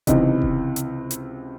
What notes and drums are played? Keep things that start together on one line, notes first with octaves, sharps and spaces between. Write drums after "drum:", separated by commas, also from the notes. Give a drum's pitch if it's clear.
C#2 C3 E3 D#4, drum: kick F1, hi-hat
drum: kick F1
drum: hi-hat
drum: hi-hat